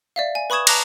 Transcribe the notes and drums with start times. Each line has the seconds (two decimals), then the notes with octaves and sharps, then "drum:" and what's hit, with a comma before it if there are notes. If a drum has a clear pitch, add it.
0.16 D5 E5 F5
0.35 G#5
0.50 B4 B5 C#6 D#6 G#6 E7
0.67 A5 A#5 D6 F#6 A#6, drum: cymbal